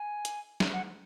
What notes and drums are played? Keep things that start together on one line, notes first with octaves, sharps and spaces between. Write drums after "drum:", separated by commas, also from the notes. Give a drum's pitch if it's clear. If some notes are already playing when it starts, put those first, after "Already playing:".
Already playing: G#5
drum: hi-hat
drum: snare
F#5